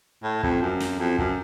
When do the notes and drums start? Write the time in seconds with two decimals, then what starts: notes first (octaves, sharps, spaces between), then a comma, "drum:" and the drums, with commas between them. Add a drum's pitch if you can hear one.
0.23 A2
0.43 F2, drum: kick
0.62 F#2
0.80 drum: snare
0.99 F2
1.18 F#2, drum: kick